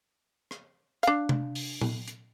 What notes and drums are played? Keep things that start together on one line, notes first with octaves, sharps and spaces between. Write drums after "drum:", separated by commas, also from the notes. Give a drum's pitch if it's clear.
drum: rim click
D4 F5, drum: hi-hat
drum: tom C3
drum: open hi-hat
drum: tom A#2
drum: hi-hat